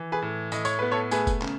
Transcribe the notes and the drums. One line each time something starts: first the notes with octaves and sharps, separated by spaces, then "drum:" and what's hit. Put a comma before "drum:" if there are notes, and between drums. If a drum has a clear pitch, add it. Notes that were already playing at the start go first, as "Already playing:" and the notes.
Already playing: E3
G#4 B4
A2
A2 D#5, drum: tambourine
C#5, drum: tambourine
B3 B4
A4 C#5
A3 G#4 B4, drum: tambourine
drum: kick F1, tambourine
C#3, drum: clap